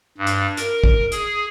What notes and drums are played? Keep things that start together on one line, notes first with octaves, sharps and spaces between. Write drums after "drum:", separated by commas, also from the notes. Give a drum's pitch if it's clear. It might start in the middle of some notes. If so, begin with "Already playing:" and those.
G2
drum: hi-hat
A#4, drum: hi-hat
drum: kick
G#4, drum: hi-hat